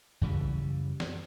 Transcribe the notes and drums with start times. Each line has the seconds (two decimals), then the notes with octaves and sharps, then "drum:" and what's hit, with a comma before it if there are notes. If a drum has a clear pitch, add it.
0.21 F#2 C#3 E3 G3
0.41 drum: kick A#1
1.00 drum: snare